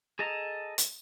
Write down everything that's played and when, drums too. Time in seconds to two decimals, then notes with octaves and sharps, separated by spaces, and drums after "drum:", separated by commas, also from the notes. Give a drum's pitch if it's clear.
0.19 G#4 A4 D#5 A5 A#5
0.78 drum: hi-hat